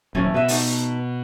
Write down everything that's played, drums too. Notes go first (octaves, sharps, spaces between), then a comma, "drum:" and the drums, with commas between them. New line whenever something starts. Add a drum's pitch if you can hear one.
D#1 E3 F#3 A3 C#4
B2 B4 D#5 E5
A3 B3 D#4, drum: open hi-hat